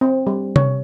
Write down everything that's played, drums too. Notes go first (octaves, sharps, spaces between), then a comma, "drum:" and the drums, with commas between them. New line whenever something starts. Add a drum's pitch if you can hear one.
C4
G3
C#5, drum: tom C3